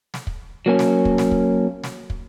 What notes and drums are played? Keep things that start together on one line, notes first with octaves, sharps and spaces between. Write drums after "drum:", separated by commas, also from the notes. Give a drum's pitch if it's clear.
drum: snare
drum: kick
F#3 A#3 C#4
drum: snare
drum: kick
drum: snare
drum: kick
drum: snare
drum: kick